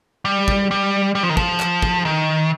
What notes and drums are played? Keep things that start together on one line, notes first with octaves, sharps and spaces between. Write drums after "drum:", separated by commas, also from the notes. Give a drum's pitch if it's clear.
G3
drum: kick
G3
G3
F3
D#3
F3, drum: kick
drum: clap
drum: kick
D#3